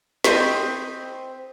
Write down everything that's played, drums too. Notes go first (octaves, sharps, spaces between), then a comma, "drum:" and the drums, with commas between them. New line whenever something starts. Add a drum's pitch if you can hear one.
C4 D#5 B5, drum: snare